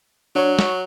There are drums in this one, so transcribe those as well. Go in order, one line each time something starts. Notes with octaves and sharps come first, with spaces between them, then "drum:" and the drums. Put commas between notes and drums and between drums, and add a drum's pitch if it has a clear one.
F#3 D4 C#5
C#6, drum: snare